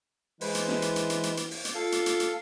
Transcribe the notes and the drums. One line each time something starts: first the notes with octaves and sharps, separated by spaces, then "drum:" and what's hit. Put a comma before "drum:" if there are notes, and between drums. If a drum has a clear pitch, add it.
E3 G#3 B4 C5, drum: open hi-hat
drum: hi-hat
drum: snare
drum: hi-hat
drum: hi-hat
drum: hi-hat
drum: hi-hat
drum: hi-hat
drum: open hi-hat
drum: hi-hat
F4 A4 F5
drum: hi-hat
drum: hi-hat
drum: hi-hat